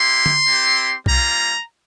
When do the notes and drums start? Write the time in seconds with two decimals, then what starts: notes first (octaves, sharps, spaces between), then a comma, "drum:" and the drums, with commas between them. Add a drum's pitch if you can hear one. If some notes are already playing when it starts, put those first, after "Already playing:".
Already playing: A#3 E4 G4 C6
0.26 drum: tom D3
0.46 C4 E4 G4
1.06 G3 A#3 F4 A#5, drum: kick